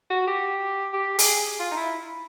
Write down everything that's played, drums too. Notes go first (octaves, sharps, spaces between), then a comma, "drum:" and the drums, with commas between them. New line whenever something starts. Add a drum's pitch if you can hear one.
F#4
G4
G4
G#4, drum: open hi-hat
F4
D#4
E4